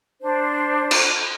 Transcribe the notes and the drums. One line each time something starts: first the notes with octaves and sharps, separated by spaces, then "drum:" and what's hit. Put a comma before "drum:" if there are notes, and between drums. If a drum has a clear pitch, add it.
D4 C5
drum: cymbal